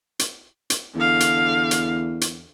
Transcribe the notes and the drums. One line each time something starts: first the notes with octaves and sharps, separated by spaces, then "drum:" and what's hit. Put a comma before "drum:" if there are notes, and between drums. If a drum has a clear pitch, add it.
drum: hi-hat
drum: hi-hat
E2 D3 F5
drum: hi-hat
drum: hi-hat
drum: hi-hat